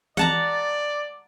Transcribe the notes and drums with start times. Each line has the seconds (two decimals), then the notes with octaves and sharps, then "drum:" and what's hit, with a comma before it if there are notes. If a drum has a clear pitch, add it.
0.17 D5 F#5 A5 A#5, drum: tom E3